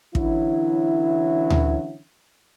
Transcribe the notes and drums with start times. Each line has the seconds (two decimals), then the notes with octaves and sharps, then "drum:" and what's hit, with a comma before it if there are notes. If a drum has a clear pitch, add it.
0.15 D3 E3 F#3 C#4 E4, drum: kick
1.50 drum: tom D2